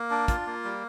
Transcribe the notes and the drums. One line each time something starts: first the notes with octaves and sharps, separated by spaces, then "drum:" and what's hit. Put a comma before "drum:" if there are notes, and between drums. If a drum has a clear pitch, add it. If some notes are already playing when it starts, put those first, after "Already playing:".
Already playing: A#3
D4
F4, drum: kick, hi-hat
A#3
G3